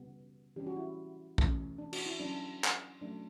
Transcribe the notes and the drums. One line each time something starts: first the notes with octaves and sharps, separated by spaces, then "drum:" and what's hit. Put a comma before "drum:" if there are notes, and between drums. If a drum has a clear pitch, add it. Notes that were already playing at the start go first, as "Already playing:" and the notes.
Already playing: C#3 G3 B3
E3 G3 C#4 G4
F#4
E4
E3 A3 C#4, drum: kick
D4
F#4, drum: cymbal
E4
F#3 C#4 D4
drum: clap
F#3 A3 C#4 D4